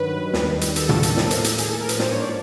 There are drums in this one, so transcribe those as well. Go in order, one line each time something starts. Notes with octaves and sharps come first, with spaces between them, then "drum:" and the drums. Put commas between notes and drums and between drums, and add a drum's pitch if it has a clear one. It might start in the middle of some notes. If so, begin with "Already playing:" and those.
Already playing: G2 D#3 F#3 B4
D#2 D#3 G3, drum: snare
drum: hi-hat
A4, drum: hi-hat
drum: tom
drum: hi-hat
A2 F3 A#3, drum: snare
drum: hi-hat
drum: hi-hat
G#4, drum: hi-hat
A4
A#4
B4, drum: hi-hat
G#2 F3 A#3 D4 C5, drum: snare
C#5
D5